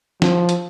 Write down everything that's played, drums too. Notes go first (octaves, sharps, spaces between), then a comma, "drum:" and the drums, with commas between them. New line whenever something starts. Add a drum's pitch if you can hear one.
F3, drum: snare
drum: hi-hat